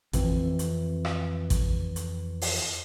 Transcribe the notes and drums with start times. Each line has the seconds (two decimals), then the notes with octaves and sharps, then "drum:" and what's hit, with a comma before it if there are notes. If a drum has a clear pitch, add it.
0.13 F2 E3 B3 C4, drum: kick A1, hi-hat
0.59 drum: hi-hat
1.05 drum: rim click
1.50 drum: kick A1, hi-hat
1.96 drum: hi-hat
2.41 drum: open hi-hat